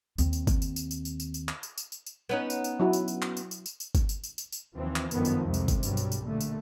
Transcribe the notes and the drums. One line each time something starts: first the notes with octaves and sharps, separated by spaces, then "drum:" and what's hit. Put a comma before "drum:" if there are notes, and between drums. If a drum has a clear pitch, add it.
D#2 C4, drum: tambourine
drum: tambourine
drum: kick, tambourine
drum: tambourine
drum: tambourine
drum: tambourine
drum: tambourine
drum: tambourine
drum: tambourine
drum: clap
drum: tambourine
drum: tambourine
drum: tambourine
drum: tambourine
B3 C#4 D#4
drum: tambourine
drum: tambourine
F#3 E4 F#4
drum: tambourine
drum: tambourine
drum: clap
drum: tambourine
drum: tambourine
drum: tambourine
drum: tambourine
drum: kick, tambourine
drum: tambourine
drum: tambourine
drum: tambourine
drum: tambourine
D#2 E3 F3 C4
drum: clap
G1 F#2 D3 D#3 F3 B3, drum: tambourine
drum: tambourine
C2 F2 C3 G#3
drum: tambourine
drum: kick, tambourine
B1 G2 F#3 G3, drum: tambourine
drum: tambourine
drum: tambourine
A#2 D3 A3
drum: tambourine